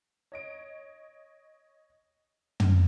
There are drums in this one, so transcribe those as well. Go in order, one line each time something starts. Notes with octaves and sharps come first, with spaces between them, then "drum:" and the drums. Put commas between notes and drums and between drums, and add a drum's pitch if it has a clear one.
C#5 D#5 D7
drum: tom